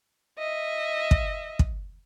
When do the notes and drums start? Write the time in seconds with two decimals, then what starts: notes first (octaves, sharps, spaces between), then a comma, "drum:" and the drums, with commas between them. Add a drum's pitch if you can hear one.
0.38 D#5 E5
1.11 drum: kick
1.59 drum: kick